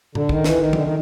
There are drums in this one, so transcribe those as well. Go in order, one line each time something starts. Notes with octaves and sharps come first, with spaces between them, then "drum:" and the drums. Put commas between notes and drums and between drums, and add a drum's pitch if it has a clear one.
D3, drum: tom A2
D#3, drum: kick
E3, drum: snare
D#3
D3, drum: tom E3
D#3